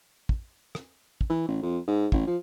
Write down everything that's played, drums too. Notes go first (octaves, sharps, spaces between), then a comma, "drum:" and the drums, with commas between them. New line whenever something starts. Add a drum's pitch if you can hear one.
drum: kick
drum: rim click
drum: kick
E3
A1
F2
G#2
A1, drum: kick
F3